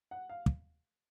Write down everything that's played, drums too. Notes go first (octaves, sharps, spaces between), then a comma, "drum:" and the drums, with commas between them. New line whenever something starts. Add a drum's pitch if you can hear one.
F#5
F5
drum: kick